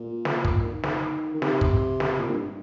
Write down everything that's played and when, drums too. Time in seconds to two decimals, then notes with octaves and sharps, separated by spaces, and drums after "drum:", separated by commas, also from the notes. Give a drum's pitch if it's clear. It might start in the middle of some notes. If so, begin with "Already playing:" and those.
Already playing: A#2
0.25 drum: snare
0.45 drum: kick
0.64 D#3
0.83 drum: snare
1.34 D#3
1.42 C3, drum: snare
1.61 drum: kick
2.00 drum: snare
2.20 A#2
2.30 G2